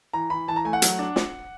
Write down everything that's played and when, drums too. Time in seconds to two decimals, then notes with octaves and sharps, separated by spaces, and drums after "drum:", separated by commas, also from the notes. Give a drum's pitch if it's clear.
0.13 E3 A#5
0.30 E3 B5
0.48 E3 A5
0.56 A#5
0.65 A3 G#5
0.73 F#5
0.82 F#3, drum: hi-hat
0.99 D4
1.16 drum: snare